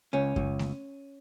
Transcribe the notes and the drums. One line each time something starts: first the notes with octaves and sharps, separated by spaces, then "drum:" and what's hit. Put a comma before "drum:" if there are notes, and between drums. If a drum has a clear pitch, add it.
C#2 C#4
C#2, drum: kick F#2
drum: snare A3